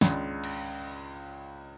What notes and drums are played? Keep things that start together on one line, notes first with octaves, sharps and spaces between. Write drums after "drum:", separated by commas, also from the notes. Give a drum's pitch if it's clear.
C#2 C#3 G#3 D4, drum: snare
drum: cymbal